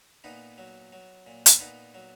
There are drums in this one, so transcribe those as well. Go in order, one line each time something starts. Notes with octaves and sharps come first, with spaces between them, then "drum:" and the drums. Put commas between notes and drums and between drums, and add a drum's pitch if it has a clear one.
A#2 B3 D#4
F#3
F#3
A#2
drum: hi-hat
A#2 B3 D#4
F#3